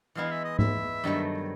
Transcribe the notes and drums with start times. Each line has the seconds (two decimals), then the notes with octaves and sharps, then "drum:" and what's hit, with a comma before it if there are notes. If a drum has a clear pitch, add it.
0.15 E3 G#3 B3 E4 F5
0.32 E5
0.45 D#5
0.59 E5, drum: tom G#2
1.04 G2 D#3 F#3 A3